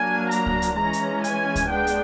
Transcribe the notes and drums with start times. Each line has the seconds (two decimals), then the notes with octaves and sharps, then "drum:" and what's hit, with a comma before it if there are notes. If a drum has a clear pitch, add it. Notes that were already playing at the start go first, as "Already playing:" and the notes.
Already playing: F#3 A#3 D4 G#5
0.31 A#5, drum: hi-hat
0.46 drum: kick C#2
0.62 drum: hi-hat
0.77 E3 G#3 C#4 A#5
0.93 drum: hi-hat
1.24 G#5, drum: hi-hat
1.56 drum: kick C#2, hi-hat
1.71 G#3 B3 D4 G5
1.87 drum: hi-hat